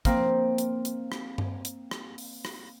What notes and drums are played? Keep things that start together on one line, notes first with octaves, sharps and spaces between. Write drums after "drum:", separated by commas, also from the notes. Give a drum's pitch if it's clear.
A#3 C4, drum: kick, hi-hat
drum: hi-hat
drum: hi-hat
drum: rim click
drum: tom G2
drum: hi-hat
drum: rim click
drum: open hi-hat
drum: rim click